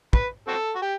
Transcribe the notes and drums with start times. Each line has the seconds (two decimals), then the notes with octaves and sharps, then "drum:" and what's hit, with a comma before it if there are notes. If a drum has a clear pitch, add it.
0.13 B4, drum: kick
0.48 C4 F#4 A4
0.75 F#4
0.82 G4